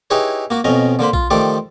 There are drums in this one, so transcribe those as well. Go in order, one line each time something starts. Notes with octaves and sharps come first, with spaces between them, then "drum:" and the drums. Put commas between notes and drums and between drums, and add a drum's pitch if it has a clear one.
D#4 E4 G4 G#4 B4 C#5
A#3 F#4 D6
F2 B2 C#4 D#5 A#5
D3 A#3 C5 B5
F4, drum: kick B1
D#3 F3 A3 G4 D5